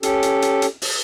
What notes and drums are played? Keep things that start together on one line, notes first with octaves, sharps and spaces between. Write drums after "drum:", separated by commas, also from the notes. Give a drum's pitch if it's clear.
C#4 G4 A4, drum: hi-hat
drum: hi-hat
drum: hi-hat
drum: hi-hat
drum: open hi-hat